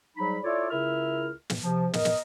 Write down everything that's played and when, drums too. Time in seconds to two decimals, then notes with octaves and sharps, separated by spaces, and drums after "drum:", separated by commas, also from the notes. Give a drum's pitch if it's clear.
0.17 G#2 F#3 G3 D#4 B5
0.44 E4 F4 A4 C#5 D5
0.71 C#2 C#3 E4 A#4 E5 F6
1.50 drum: snare
1.63 C3 F3
1.93 A#4 D#5, drum: snare
2.05 drum: snare